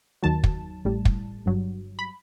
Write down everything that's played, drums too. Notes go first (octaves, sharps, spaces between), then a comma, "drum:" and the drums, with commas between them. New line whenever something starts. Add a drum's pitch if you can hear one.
D#2 D#3 F#3 A5
drum: kick
A1 A2 G3
drum: kick
G1 G2 F#3
B5